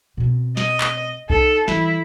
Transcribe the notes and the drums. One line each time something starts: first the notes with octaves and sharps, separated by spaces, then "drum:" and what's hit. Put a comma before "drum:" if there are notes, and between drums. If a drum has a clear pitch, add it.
B2 C4
D#5, drum: snare
drum: clap
D#4 A4, drum: kick C2
E3 G3 E4, drum: snare